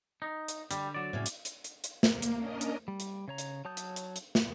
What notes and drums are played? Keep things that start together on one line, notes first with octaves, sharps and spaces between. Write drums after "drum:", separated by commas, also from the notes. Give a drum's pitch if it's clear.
D#4
drum: hi-hat
D3 G3, drum: hi-hat
F#3 D5
A2 C#3 C#4
drum: hi-hat
drum: hi-hat
drum: hi-hat
drum: hi-hat
A#3, drum: snare
drum: hi-hat
C#4 D4 A#4 D#5
drum: hi-hat
G3
drum: hi-hat
C#3 C#5 A#5
drum: hi-hat
F#3 C#5 A5 D#6 G6
drum: hi-hat
drum: hi-hat
drum: hi-hat
drum: snare